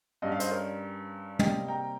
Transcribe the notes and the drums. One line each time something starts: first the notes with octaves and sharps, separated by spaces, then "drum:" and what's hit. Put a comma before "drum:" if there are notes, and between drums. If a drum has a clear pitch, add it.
G2 G3 C#4 D#5
F5
C5 D#5, drum: hi-hat
A#4 C#5
C3 G3 A#3 D#5 G5, drum: tom
G5 A#5